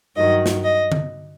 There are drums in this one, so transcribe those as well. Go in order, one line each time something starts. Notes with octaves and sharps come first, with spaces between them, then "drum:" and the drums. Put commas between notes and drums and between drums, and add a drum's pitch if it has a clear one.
G2 D#3 F#3 D#5
drum: snare
D#5
drum: tom D3